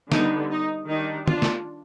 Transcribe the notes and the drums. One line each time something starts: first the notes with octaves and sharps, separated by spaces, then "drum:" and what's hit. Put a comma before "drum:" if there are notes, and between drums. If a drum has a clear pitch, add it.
D3 G3 B3 D#4, drum: snare
D#4
D#3 G3 D4 D#4
D4 F4, drum: tom
drum: snare